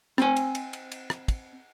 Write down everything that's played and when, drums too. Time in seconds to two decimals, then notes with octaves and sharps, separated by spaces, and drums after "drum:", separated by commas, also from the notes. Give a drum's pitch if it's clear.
0.18 C4 G#5, drum: rim click
0.36 drum: cymbal
0.55 drum: cymbal
0.73 drum: cymbal
0.92 drum: cymbal
1.10 drum: rim click
1.28 drum: kick, cymbal